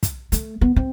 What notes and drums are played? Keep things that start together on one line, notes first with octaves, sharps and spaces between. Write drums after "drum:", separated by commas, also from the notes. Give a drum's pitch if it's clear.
drum: kick, hi-hat
A3, drum: hi-hat
B3
C4